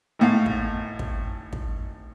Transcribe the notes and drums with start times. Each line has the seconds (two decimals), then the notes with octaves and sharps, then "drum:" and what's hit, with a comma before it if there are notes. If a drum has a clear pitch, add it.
0.19 G#1 A2 F5
0.46 drum: kick
0.99 drum: kick
1.53 drum: kick